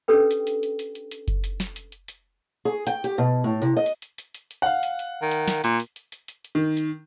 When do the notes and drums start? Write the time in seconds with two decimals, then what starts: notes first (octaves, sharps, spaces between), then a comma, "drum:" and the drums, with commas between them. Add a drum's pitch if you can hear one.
0.08 C#4 D4 G4 A4 B4 G5
0.31 drum: hi-hat
0.47 drum: hi-hat
0.63 drum: hi-hat
0.79 drum: hi-hat
0.95 drum: hi-hat
1.11 drum: hi-hat
1.28 drum: kick F#1, hi-hat
1.44 drum: hi-hat
1.60 drum: snare
1.76 drum: hi-hat
1.92 drum: hi-hat
2.08 drum: hi-hat
2.65 G#4
2.87 G5, drum: hi-hat
3.04 G4, drum: hi-hat
3.18 B2
3.44 A2
3.62 C3
3.77 D#5
3.86 drum: hi-hat
4.02 drum: hi-hat
4.18 drum: hi-hat
4.35 drum: hi-hat
4.51 drum: hi-hat
4.62 F5 F#5
4.83 drum: hi-hat
4.99 drum: hi-hat
5.22 D#3
5.31 drum: hi-hat
5.48 drum: snare
5.64 A#2, drum: hi-hat
5.80 drum: hi-hat
5.96 drum: hi-hat
6.12 drum: hi-hat
6.28 drum: hi-hat
6.45 drum: hi-hat
6.55 D#3
6.77 drum: hi-hat